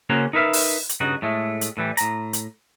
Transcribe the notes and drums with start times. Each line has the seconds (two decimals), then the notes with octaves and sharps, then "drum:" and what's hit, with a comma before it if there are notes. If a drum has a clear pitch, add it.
0.10 C#3 A#3 C#4 F#4 C5 A#5
0.33 D#4 A#4 B4 E5 F5
0.53 drum: open hi-hat
0.89 drum: hi-hat
1.00 G2 C#3 D#4 F#4
1.22 A2 G#3 A3
1.61 drum: hi-hat
1.77 A2 E3 G3
1.97 A2 A#5, drum: hi-hat
2.33 drum: hi-hat